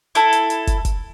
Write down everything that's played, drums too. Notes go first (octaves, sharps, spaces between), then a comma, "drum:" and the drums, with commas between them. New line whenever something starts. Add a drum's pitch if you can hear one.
E4 A4, drum: hi-hat
drum: hi-hat
drum: hi-hat
drum: kick, hi-hat
drum: kick, hi-hat